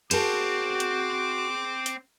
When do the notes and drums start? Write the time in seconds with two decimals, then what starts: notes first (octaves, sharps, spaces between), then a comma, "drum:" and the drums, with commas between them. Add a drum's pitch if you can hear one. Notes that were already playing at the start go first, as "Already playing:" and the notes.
0.11 C4 F#4 G#4 A#4 C5 A5 D6, drum: cymbal
0.80 drum: hi-hat
1.86 drum: hi-hat